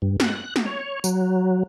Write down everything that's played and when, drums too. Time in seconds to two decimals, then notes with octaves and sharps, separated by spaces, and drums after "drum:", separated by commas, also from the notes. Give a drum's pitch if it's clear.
0.02 G2
0.20 F#6, drum: snare
0.56 drum: snare
0.66 C#5
1.04 F#3, drum: tambourine